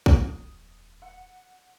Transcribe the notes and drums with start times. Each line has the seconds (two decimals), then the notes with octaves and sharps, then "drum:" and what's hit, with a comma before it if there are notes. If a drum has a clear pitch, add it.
0.06 D#1 F2 D#6, drum: kick
1.02 F#5